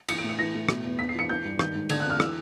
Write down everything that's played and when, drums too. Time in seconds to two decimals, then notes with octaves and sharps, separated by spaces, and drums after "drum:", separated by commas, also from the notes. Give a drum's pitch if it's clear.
0.09 E3 C#7, drum: cymbal
0.18 D7
0.24 A2
0.29 C#7
0.39 E3 A#6
0.54 A2
0.69 B2, drum: rim click
0.85 E2
0.99 E2 B6
1.09 C7
1.15 E3 C#7
1.29 E3 G6
1.45 G2
1.59 D#3 G6, drum: rim click
1.74 G#2
1.89 D3 G#6, drum: cymbal
2.00 F#6
2.05 F2 F6
2.20 E3 E6, drum: rim click